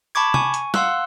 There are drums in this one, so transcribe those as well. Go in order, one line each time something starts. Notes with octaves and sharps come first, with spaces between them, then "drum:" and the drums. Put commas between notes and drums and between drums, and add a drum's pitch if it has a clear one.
A5 B5 C#6 D6 G#6
G#5 C#6, drum: tom
drum: hi-hat
F5 F#5 C6 E6 F#6, drum: snare